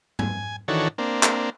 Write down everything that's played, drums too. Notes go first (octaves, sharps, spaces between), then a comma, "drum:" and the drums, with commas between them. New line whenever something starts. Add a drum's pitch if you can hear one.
G#5, drum: tom
D#3 E3 D4 F#4 A4 C#5
A#3 C4 D4
drum: clap